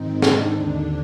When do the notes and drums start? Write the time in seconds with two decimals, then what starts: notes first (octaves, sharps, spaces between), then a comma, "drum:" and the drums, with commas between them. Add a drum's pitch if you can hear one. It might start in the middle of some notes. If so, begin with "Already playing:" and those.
Already playing: G#2 D#3 C4 D#4
0.22 D4, drum: snare
0.54 D#2 D3